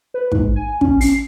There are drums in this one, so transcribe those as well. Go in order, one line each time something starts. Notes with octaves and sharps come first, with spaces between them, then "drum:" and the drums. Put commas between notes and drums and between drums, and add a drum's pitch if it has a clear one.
B4
G#2, drum: kick
G#5
C#4, drum: kick
C7, drum: open hi-hat